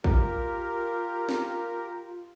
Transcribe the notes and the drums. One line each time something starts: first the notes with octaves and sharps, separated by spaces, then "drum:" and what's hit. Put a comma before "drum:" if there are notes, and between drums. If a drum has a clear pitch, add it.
F4 G4 A#4, drum: kick
drum: snare